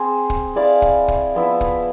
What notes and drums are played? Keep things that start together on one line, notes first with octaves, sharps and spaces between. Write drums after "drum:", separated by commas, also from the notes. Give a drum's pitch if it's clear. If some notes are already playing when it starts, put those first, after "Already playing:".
Already playing: C4 G#4 C5
drum: kick
E4 G#4 D5 F5
drum: kick
drum: kick
F3 B3 E4
drum: kick